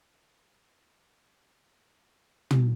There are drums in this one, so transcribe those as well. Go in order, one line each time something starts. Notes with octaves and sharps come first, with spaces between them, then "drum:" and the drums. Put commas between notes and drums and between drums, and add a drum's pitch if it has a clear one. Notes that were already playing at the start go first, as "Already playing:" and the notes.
C3 G4 B4 C5 F#5
drum: tom